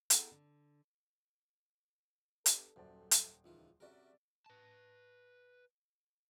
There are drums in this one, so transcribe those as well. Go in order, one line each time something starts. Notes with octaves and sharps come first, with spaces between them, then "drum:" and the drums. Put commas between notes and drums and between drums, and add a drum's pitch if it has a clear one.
B3 E4 G#4 A4 G5 A#5, drum: hi-hat
D3
B3 D4 G4 A4, drum: hi-hat
D#1 F#2 C5 D5 F#5 G5 A5
drum: hi-hat
C#2 D#3 E3 F4
C3 C#4 F#4 G#4 A#4 D5 E5
B4 A5